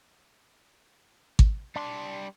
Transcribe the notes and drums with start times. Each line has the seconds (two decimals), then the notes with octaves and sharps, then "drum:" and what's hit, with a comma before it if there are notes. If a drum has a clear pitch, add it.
1.39 drum: kick G#1
1.76 G3 D4 C6